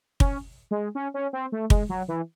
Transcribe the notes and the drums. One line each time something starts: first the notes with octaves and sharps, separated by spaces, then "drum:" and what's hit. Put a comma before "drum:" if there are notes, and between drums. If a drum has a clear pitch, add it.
C#4, drum: kick
G#3
C#4
C#4
C4
A3
G#3, drum: kick
F#3
E3